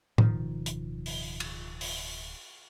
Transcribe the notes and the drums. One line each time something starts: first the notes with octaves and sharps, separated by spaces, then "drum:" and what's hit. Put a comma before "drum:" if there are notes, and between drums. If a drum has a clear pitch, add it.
D1 B2 D#3 F3, drum: tom A2
drum: hi-hat
drum: open hi-hat
drum: cymbal
drum: open hi-hat